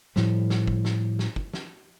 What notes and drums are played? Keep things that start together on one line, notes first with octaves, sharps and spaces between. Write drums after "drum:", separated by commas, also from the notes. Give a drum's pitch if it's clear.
A2 F3 G3, drum: snare
drum: snare
drum: kick
drum: snare
drum: snare
drum: kick
drum: snare